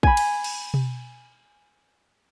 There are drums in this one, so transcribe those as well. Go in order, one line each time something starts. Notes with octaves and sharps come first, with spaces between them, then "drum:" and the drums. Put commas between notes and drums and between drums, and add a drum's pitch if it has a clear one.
G#5 B5, drum: kick
drum: cymbal
drum: cymbal
drum: tom B2